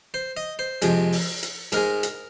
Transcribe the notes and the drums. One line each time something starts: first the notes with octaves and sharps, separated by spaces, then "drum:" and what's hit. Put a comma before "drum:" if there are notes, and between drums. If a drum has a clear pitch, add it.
C5
D#5
C5
F2 C3 G#3, drum: hi-hat
drum: open hi-hat
drum: hi-hat
G#2 G#3 A#4, drum: hi-hat
drum: hi-hat